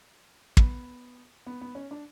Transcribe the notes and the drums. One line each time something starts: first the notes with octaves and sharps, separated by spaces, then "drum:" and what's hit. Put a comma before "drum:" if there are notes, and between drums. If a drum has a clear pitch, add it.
B3, drum: kick
B3
B3
C#4
D4